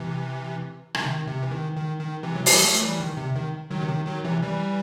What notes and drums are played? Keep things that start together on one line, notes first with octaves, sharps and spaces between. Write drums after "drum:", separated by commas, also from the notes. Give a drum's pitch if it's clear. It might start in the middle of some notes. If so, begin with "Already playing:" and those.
Already playing: C3 E3
C3, drum: rim click
D#3
C3
E3
D#3
D#3
D#3
C3 E3
F#3
E3 G3, drum: open hi-hat
F#3 A3
E3 G3
D#3
C3
D#3
D#3 F#3
C3
D#3
D#3 F#3
C3 E3
E3 G3